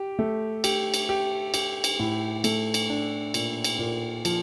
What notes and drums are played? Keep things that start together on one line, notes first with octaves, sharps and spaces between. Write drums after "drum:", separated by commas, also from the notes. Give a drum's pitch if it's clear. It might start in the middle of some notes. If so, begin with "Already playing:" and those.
Already playing: G4
A3
G4, drum: cymbal
drum: cymbal
G4
G4, drum: cymbal
drum: cymbal
A2
A3, drum: cymbal
drum: cymbal
D4
A#2, drum: cymbal
drum: cymbal
A#2
F3, drum: cymbal